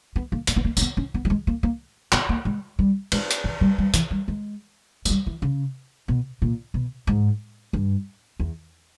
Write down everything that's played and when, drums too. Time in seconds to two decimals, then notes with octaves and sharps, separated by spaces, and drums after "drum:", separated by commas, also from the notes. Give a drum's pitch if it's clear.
0.16 B3
0.32 A#3
0.47 A#3, drum: hi-hat
0.56 B3
0.65 A#3
0.77 C#4, drum: tambourine
0.81 B3
0.97 C#4
1.14 B3
1.25 G3
1.30 G#3
1.47 A#3
1.63 A#3
2.12 B3, drum: clap
2.29 A#3
2.45 G#3
2.79 G3
3.12 G#3, drum: cymbal
3.31 drum: hi-hat
3.44 E3
3.61 G3
3.78 G3
3.94 E3, drum: hi-hat
4.11 G3
4.28 G#3
5.05 G#3, drum: tambourine
5.10 G3
5.27 E3
5.42 C#3
6.08 B2
6.42 A#2
6.74 B2
7.07 G#2
7.73 G2
8.40 E2